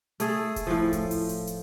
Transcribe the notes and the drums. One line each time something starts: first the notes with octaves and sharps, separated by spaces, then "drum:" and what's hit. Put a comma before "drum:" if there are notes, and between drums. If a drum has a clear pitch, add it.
A3 G#4 A4, drum: hi-hat
drum: kick D#1, hi-hat
A2 F3
drum: kick D#1, hi-hat
drum: open hi-hat
drum: hi-hat
drum: hi-hat